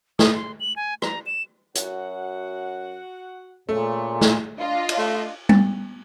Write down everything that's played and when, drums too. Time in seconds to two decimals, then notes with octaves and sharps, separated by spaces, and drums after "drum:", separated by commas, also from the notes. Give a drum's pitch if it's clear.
0.19 D#6, drum: snare
0.35 C6
0.60 F#7
0.76 G#5
1.02 A#5, drum: rim click
1.26 E7
1.75 F#2 F#4 F#5, drum: hi-hat
3.69 A#2 C#3 A3
4.21 drum: snare
4.59 D4 F4 D#5
4.89 drum: cymbal
4.98 A3
5.49 B3, drum: tom G3